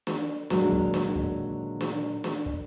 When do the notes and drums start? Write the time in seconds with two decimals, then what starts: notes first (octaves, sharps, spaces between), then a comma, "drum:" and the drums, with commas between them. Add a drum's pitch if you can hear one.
0.07 drum: snare
0.50 A#2 D3 D#3 F#3 G#3, drum: snare
0.72 drum: kick
0.94 drum: snare
1.15 drum: kick
1.81 drum: snare
2.24 drum: snare
2.46 drum: kick